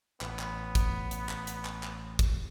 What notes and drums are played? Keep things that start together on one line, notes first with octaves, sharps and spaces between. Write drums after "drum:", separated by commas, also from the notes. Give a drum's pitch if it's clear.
A1 B3, drum: clap
drum: clap
drum: kick, hi-hat
drum: hi-hat
drum: clap
drum: hi-hat
drum: clap
drum: clap
drum: kick, hi-hat